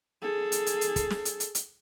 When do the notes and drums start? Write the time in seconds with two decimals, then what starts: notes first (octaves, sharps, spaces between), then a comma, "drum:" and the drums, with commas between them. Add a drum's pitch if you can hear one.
0.22 G#4 A4
0.52 drum: hi-hat
0.66 drum: hi-hat
0.81 drum: hi-hat
0.96 drum: kick, hi-hat
1.11 drum: snare
1.25 drum: hi-hat
1.40 drum: hi-hat
1.55 drum: hi-hat